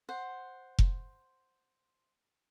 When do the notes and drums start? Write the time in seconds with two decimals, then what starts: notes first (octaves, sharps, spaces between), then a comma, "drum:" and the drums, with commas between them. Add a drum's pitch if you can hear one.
0.09 C5 F#5
0.79 drum: kick F1